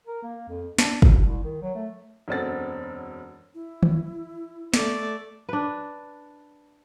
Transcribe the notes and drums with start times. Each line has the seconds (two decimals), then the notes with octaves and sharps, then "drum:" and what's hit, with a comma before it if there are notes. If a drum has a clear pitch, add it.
0.07 A#4
0.23 A#3
0.48 F2
0.78 D4, drum: snare
1.02 B2, drum: kick
1.25 C2
1.43 D#3
1.62 F#3
1.75 A3
2.28 E1 F#2 B3 C4 A4 A6
3.54 E4
3.83 drum: tom
4.74 A3 D5, drum: snare
5.49 D4 B4